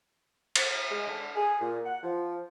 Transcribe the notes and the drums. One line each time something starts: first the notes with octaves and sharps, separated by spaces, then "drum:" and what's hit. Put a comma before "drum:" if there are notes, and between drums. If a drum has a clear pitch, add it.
drum: cymbal
G#3
D3
G#4
A#2
F#5
F3